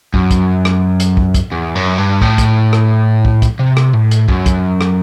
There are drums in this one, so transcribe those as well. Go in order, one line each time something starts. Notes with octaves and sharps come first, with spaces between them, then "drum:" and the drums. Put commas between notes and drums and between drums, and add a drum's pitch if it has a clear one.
F#2, drum: kick
drum: kick, hi-hat
drum: rim click
drum: hi-hat
drum: kick
drum: kick, hi-hat
E2
F#2
G2
A2, drum: kick
drum: kick, hi-hat
drum: rim click
drum: kick
drum: kick, hi-hat
C3
drum: rim click
A2
drum: hi-hat
F#2, drum: kick
drum: kick, hi-hat
drum: rim click